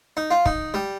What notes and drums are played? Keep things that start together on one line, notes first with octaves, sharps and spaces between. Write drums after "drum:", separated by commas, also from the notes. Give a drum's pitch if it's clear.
D#4
F4
D#4, drum: kick
G3